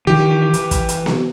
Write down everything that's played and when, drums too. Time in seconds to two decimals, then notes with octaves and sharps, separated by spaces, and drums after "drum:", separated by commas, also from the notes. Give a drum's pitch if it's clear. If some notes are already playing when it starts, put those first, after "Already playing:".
0.07 D#3 E3 G4
0.54 E3, drum: hi-hat
0.71 drum: kick, hi-hat
0.89 drum: hi-hat
1.06 drum: snare B3